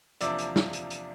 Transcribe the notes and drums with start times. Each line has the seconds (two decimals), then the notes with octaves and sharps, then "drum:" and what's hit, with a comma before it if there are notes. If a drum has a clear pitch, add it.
0.21 E2 C3 F3 A#3 D4 D5 E5, drum: hi-hat
0.39 drum: hi-hat
0.56 drum: snare
0.73 drum: hi-hat
0.90 drum: hi-hat